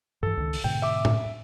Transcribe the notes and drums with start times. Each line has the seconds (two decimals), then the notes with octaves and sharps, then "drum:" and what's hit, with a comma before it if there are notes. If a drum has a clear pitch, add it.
0.23 G2 E3 A4
0.37 C#2 D#3
0.53 drum: open hi-hat
0.64 G#2 B2 D3 G5
0.82 E5 D6
1.05 drum: tom A2